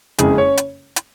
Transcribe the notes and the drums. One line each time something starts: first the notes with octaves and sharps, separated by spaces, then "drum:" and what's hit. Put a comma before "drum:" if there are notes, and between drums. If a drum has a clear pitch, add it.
F#1 F2 C#3 G#3 G#4, drum: hi-hat
C#4 C#5
drum: hi-hat
drum: hi-hat